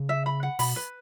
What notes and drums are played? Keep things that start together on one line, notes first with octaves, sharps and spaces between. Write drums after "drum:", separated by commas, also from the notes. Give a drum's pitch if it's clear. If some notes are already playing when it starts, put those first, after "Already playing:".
Already playing: C#3
E5
B5
F#5
B2 B5, drum: open hi-hat
B4